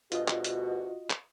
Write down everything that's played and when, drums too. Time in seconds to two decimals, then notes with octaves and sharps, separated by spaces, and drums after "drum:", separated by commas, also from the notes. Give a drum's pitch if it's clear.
0.12 D2 G2 B2 F4 F#4 D#5, drum: hi-hat
0.28 drum: clap
0.44 drum: hi-hat
1.10 drum: clap